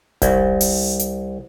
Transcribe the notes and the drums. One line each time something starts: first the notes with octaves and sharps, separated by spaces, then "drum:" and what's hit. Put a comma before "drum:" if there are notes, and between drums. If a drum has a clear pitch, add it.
C2, drum: kick E1, hi-hat
drum: open hi-hat
drum: hi-hat